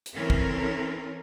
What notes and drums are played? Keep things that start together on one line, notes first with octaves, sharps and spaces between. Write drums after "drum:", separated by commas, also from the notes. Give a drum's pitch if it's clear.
drum: hi-hat
E3 C4 C#4 A4 A#4
drum: kick